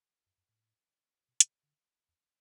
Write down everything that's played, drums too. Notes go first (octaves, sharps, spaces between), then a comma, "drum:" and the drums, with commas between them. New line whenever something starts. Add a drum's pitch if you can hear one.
F#2
F#2
A2
B2
C3, drum: hi-hat
D3
E2